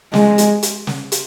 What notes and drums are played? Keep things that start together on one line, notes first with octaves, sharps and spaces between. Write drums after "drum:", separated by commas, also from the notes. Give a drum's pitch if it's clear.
G#3, drum: snare
drum: hi-hat
drum: hi-hat
drum: snare
drum: hi-hat